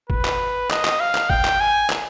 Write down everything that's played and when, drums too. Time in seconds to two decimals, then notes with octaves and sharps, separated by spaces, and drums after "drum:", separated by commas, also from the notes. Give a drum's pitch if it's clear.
0.10 B4, drum: kick G#1
0.25 drum: clap
0.70 D#5, drum: clap
0.85 drum: clap
1.00 F5
1.15 drum: clap
1.30 G5, drum: kick G#1
1.45 drum: clap
1.60 G#5
1.90 drum: clap